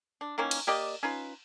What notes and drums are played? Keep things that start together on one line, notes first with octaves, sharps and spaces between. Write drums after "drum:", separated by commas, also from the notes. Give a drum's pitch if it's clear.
D4
D#3 E3 A#3 C#4
drum: cymbal
A#3 G4 D5 D#5
C#4 D#4 F4 B4